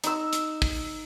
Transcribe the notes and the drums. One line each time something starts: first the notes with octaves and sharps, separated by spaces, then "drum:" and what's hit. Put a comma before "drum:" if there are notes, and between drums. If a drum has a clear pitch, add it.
D#4 E6, drum: hi-hat
drum: hi-hat
drum: kick, open hi-hat